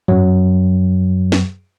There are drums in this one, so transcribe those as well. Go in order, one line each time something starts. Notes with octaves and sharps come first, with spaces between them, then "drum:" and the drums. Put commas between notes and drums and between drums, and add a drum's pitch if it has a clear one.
F#2 F#3, drum: tom G2
drum: snare